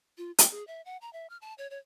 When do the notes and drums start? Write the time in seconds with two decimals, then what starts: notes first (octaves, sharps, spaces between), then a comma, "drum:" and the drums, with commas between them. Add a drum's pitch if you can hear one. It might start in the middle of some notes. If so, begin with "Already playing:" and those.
0.18 F4
0.38 G5, drum: hi-hat
0.51 G#4
0.67 E5
0.85 F#5
1.01 A#5
1.13 E5
1.30 F6
1.42 A5
1.58 C#5
1.70 C#5